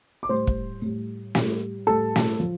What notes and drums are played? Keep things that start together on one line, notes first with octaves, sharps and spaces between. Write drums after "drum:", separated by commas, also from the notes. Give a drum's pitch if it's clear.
D6
A2 G3 C5 C6
drum: kick
A2 G3
A2 G3, drum: snare
A2 G3 A4 A5
drum: snare
F3